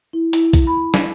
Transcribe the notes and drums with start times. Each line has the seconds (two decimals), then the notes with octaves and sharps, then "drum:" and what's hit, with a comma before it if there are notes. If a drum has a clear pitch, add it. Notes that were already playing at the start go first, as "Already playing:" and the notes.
0.13 E4
0.33 E4, drum: hi-hat
0.53 drum: kick, hi-hat
0.67 B5
0.94 drum: snare